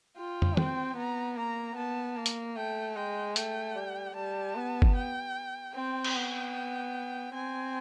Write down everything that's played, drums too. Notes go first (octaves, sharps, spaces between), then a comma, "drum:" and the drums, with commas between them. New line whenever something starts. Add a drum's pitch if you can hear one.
F4 G5
drum: tom
C4, drum: tom
B3 A#5
A#3 A#5
B3 A5
A#3
drum: hi-hat
A3 G5
G#3 G5
A3 G5, drum: hi-hat
G3
G3 A5
B3
drum: kick G1
G5
C4 G5
drum: cymbal
B3
C4 G#5